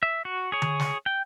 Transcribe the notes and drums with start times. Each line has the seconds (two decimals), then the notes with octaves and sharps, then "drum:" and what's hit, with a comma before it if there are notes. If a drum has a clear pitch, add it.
0.03 E5
0.25 F#4
0.52 G#4 C#5
0.62 drum: tom D3
0.79 drum: snare
1.06 G5